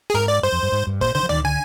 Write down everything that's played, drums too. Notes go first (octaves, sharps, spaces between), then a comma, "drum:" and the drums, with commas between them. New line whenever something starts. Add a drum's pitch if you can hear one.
G#4
G#2 A#4
D5
G2 C5
F2
G2
G#2
G2
A#2 C5, drum: kick
D3 C5
F3
D#3 D5, drum: tom C#2
D3 G#5